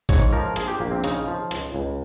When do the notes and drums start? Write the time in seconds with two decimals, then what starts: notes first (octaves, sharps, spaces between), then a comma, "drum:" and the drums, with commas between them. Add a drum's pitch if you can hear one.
0.09 G#2 C#5, drum: kick A1, hi-hat
0.33 F3 A#4
0.56 A#1 G#4, drum: hi-hat
0.68 G4
0.80 A#1 A#3
0.92 C4
1.04 C#3 D#4, drum: hi-hat
1.27 F3
1.51 C#2, drum: hi-hat
1.75 C#2